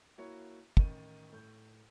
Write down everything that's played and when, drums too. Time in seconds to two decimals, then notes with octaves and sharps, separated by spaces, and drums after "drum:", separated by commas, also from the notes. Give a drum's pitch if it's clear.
0.18 A#3 E4 F#4 C#5
0.77 A1 D#3 D#7, drum: kick
1.33 A2 G6